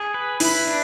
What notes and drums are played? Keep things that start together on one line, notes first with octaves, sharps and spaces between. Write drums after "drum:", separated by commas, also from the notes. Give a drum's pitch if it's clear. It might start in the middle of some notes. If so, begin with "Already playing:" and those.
Already playing: G#4
B4
E4 B4, drum: open hi-hat
D4